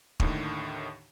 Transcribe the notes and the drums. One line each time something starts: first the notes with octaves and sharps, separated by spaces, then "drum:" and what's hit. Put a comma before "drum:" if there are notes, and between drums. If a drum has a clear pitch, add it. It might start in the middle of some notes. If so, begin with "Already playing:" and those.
D#2 A2 D3 D#3, drum: kick